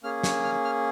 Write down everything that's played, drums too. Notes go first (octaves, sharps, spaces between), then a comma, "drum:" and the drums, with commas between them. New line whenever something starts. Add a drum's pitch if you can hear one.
A#3 C#4 G#4 F6
C#6, drum: snare
F6
F6